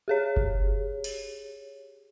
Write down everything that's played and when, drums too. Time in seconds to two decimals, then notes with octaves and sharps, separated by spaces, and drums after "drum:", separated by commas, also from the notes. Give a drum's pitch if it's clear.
0.08 G4 G#4 C#5
0.37 drum: kick F#1
1.04 drum: cymbal